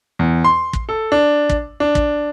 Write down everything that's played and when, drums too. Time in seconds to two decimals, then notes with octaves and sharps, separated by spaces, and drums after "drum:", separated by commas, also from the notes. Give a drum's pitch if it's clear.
0.19 E2
0.44 C6
0.73 drum: kick
0.89 A4
1.12 D4
1.49 drum: kick
1.80 D4
1.95 drum: kick